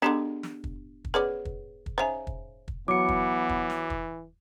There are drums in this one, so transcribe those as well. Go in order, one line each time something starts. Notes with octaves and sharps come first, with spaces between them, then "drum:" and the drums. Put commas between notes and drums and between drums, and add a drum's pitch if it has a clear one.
D3 G#3 B3 D4 D#4 G4
drum: snare
drum: kick
drum: kick
B3 C#4 G#4 B4 D5
drum: kick
drum: kick
C#3 D#4 C5 E5 G#5
drum: kick
drum: kick
E3 F#3 B3 D6 C#7
drum: kick
drum: kick
drum: snare
drum: kick